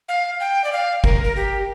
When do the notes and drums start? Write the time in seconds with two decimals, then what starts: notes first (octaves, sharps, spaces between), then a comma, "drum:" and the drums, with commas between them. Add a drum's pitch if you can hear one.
0.09 F5
0.40 G5
0.64 D5
0.73 F5
1.04 A#4, drum: kick
1.24 A#4
1.36 G4